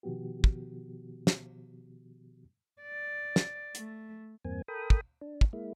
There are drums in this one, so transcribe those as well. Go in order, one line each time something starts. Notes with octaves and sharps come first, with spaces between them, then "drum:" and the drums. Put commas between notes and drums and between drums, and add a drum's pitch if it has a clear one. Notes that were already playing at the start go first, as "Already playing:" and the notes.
B2 D#3 F3 B3 F#4 G4
drum: kick
drum: snare
D5
drum: snare
A3, drum: hi-hat
E2 G2 A#3 C4 G#5
A4 A#4 G5 B5 D#6
drum: kick
D4
drum: kick
G#3 A#3 E4